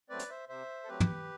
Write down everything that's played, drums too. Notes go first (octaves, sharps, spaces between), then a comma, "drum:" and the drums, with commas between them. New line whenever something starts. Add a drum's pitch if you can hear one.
F#3 A3 C4 B4 D5
drum: hi-hat
C5 E5
C3 C5 E5
A4
F#3 A3 C4 G4 B4
drum: tom